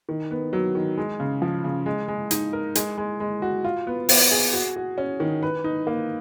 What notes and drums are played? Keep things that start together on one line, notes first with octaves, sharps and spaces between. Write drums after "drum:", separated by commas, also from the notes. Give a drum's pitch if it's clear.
D#3
B3
F#3
D#3
G#3
C#3
F3
C#3
G#3
G#3
D#4, drum: hi-hat
A#4
G#3, drum: hi-hat
G#3
G#3
F#4
F4
B3
B3, drum: open hi-hat
G#4
F#4
F#4
C#4
D#3
B4
D#4
A#3